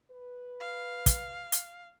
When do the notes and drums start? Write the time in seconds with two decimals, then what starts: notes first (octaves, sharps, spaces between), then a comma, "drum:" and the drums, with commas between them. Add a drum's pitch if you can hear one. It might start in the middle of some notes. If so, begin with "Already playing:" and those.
0.11 B4
0.60 F5
1.06 drum: kick, hi-hat
1.52 drum: hi-hat